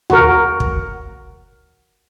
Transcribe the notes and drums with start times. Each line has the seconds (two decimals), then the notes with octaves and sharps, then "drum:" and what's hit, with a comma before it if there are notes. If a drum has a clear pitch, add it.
0.10 F#4 A#4, drum: tom D2
0.60 drum: kick